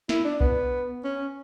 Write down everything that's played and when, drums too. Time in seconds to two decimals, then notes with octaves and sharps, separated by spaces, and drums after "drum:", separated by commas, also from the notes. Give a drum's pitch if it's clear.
0.09 E4, drum: snare
0.24 D4
0.40 B3, drum: kick B1
1.04 C#4